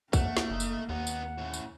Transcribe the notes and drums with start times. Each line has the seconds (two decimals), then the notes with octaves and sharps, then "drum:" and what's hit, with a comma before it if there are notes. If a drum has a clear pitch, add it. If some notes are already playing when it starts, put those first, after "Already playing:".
0.13 A3 A#3 F#5, drum: kick, tambourine
0.37 drum: snare
0.51 F#1 D#4
0.60 drum: tambourine
0.89 D#2 B3 D#4 F#5
1.07 drum: tambourine
1.38 A2 C#3
1.53 drum: tambourine